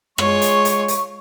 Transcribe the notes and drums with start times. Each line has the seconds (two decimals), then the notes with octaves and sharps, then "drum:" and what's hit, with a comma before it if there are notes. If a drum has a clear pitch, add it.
0.18 G#3 F4 C#5 C#6, drum: rim click
0.42 drum: hi-hat
0.65 drum: hi-hat
0.88 drum: hi-hat